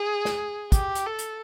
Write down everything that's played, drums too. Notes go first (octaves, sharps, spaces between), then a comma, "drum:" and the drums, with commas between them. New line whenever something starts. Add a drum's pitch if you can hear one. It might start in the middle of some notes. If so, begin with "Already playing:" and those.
Already playing: G#4
drum: snare
G4, drum: kick, hi-hat
drum: hi-hat
A4
drum: hi-hat